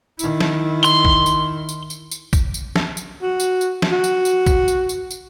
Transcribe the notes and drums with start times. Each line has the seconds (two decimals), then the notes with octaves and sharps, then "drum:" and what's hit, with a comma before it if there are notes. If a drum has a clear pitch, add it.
0.19 D#3 E4, drum: tambourine
0.41 drum: snare
0.84 C6, drum: tambourine
1.05 drum: kick
1.26 drum: tambourine
1.69 drum: tambourine
1.90 drum: tambourine
2.11 drum: tambourine
2.33 drum: kick, tambourine
2.54 drum: tambourine
2.76 drum: snare
2.97 drum: tambourine
3.22 F#4
3.40 drum: tambourine
3.61 drum: tambourine
3.82 drum: snare
3.92 F#4
4.04 drum: tambourine
4.25 drum: tambourine
4.46 drum: kick, tambourine
4.68 drum: tambourine
4.89 drum: tambourine
5.11 drum: tambourine